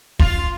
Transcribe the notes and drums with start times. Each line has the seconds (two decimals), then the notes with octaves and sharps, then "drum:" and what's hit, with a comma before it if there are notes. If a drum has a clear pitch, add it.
0.19 F4, drum: kick